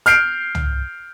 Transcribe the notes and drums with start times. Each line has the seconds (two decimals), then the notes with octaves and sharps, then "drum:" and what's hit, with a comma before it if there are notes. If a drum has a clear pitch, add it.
0.06 F6 G6 C7 D7, drum: hi-hat
0.55 drum: tom